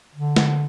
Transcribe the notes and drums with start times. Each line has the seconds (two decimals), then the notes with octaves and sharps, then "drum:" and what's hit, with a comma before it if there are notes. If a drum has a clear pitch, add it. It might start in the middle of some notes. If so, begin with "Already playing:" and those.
0.15 D3
0.36 drum: snare